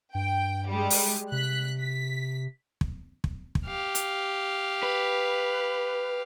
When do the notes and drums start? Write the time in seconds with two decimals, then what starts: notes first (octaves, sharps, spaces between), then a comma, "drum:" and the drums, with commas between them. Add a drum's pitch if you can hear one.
0.15 G2 G5
0.68 G3 G#3
0.90 drum: open hi-hat
1.32 C3 F#6 B6
1.79 B6
2.81 drum: kick
3.24 drum: kick
3.55 drum: kick
3.66 G4 F5
3.95 drum: hi-hat
4.83 B4